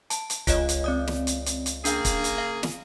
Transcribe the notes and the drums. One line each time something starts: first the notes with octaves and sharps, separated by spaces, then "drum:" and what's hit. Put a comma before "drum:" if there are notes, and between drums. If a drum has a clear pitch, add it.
A5, drum: hi-hat
drum: hi-hat
C#2 F4 C#5 D#5, drum: kick, hi-hat
drum: hi-hat
C4 D5 D#6
drum: snare
drum: hi-hat
drum: hi-hat
drum: hi-hat
C#3 A#3 D4 G#4 F5, drum: hi-hat
drum: kick, hi-hat
drum: hi-hat
F5
drum: snare